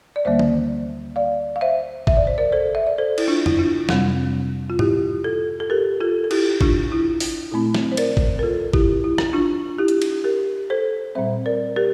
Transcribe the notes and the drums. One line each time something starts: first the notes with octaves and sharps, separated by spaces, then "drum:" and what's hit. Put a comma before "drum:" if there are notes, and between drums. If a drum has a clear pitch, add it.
D5
D2 D3 G3 A#3 C5 E5
drum: tom
D5 F5
F5
C5 E5
E5, drum: kick G#1
D5
C5
A#4 D5
A4 C5
E5
D5
A4 C5
E4, drum: cymbal
D4 F4
E4, drum: tom F2
D4 F4
F2 C3 G3 C4, drum: snare
F4
E4 G4, drum: tom G#2
F4 A4
A4
G4 A#4
F4 A4
A4
E4 G4, drum: cymbal
D4 F4, drum: kick G#1
E4
drum: open hi-hat
A#2 A3 C4 E4
drum: snare
C5
A#4 D5, drum: cymbal
drum: kick G#1
A#4
F4 A4
E4 G4, drum: kick G#1
E4
drum: rim click
D4 F4
E4 G4
drum: hi-hat
drum: cymbal
G4 A#4
A4 C5
A#2 G3 C4 C5 E5
A#4 D5
G4 A#4